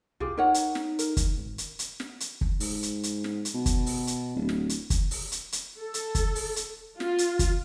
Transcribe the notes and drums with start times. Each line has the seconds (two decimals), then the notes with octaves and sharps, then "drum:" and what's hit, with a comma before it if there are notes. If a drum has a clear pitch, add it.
0.20 C2 F4 G4 G#4
0.37 D#4 A#4 C#5 F#5
0.54 drum: hi-hat
0.75 drum: snare
0.99 A#4, drum: hi-hat
1.17 drum: kick, hi-hat
1.37 G#1
1.58 drum: hi-hat
1.79 drum: hi-hat
2.00 drum: snare
2.20 drum: hi-hat
2.41 drum: kick
2.60 G#2, drum: open hi-hat
2.83 drum: hi-hat
3.03 drum: hi-hat
3.24 drum: snare
3.45 drum: hi-hat
3.54 B2
3.66 drum: kick, hi-hat
3.86 drum: open hi-hat
4.07 drum: hi-hat
4.36 D1
4.49 drum: snare
4.69 drum: hi-hat
4.90 drum: kick, hi-hat
5.11 drum: open hi-hat
5.32 drum: hi-hat
5.52 drum: hi-hat
5.80 A4
5.94 drum: hi-hat
6.15 drum: kick, hi-hat
6.35 drum: open hi-hat
6.56 drum: hi-hat
7.00 F4, drum: snare
7.18 drum: hi-hat
7.39 drum: kick, hi-hat